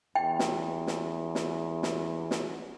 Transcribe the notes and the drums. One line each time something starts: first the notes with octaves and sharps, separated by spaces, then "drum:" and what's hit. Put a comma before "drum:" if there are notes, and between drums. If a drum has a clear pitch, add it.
E2 G5
drum: snare
drum: snare
drum: snare
drum: snare
drum: snare